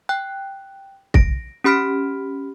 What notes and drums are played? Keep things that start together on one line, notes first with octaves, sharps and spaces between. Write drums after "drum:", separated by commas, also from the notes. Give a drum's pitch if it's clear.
G5 F#6
A#6 D7, drum: kick
C#4 G4 B5 F6 B6 D7